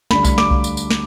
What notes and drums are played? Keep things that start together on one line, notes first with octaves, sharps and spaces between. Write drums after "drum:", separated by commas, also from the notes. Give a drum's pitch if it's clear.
D2 D3 G3 D4 B5, drum: snare
B5, drum: kick C2, tambourine
D6, drum: snare
drum: kick C2
drum: tambourine
drum: tambourine
drum: snare